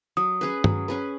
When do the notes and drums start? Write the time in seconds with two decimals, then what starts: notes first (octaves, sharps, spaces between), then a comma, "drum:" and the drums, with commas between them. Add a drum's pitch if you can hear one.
0.17 F#3 D#6
0.41 C#4 G#4 B4
0.64 F#3, drum: tom G2
0.88 C#4 G#4 B4